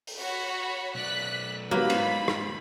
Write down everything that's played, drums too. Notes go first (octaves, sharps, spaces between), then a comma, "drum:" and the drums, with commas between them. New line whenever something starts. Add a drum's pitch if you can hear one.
drum: open hi-hat
F#4 C#5 B5
B1 D5 F#6 B6
G#2 F#3 G3 A#3 B3 B5
drum: cymbal
drum: rim click